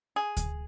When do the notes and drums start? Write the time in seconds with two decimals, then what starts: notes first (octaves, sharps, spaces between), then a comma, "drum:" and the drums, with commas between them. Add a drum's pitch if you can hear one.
0.16 G#4
0.37 drum: kick D2, hi-hat